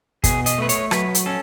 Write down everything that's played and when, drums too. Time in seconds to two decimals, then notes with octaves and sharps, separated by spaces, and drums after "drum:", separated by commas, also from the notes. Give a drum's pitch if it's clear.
0.24 B2 G#4, drum: kick, hi-hat
0.46 D#5, drum: hi-hat
0.58 A3 B4
0.69 C#5, drum: hi-hat
0.91 F#3 B4, drum: rim click
1.15 drum: hi-hat
1.26 C#4 A4